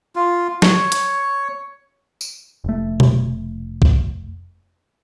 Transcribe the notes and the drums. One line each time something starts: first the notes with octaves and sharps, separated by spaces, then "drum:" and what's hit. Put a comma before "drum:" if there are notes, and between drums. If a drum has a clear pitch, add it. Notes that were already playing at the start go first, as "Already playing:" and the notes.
F4
C#5, drum: snare
drum: hi-hat
drum: tambourine
F1 A3
drum: tom B2
drum: kick